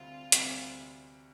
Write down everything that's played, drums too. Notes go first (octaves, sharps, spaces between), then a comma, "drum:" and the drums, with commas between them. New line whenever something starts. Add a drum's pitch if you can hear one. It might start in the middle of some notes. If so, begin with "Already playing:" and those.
Already playing: D2 C3 G3 C4 F4
D2 C3 G3 C4, drum: hi-hat